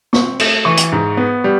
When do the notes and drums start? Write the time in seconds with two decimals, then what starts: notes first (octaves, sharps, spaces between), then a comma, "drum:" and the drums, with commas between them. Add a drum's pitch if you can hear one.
0.13 C4 C#6, drum: snare B3
0.40 A3, drum: cymbal
0.65 E3 C#6
0.77 drum: hi-hat
0.92 G#2
1.17 B3
1.44 G3